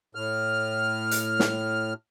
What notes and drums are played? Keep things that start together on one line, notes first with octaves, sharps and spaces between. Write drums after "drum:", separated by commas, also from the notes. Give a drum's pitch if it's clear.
A2 F6
drum: hi-hat
drum: snare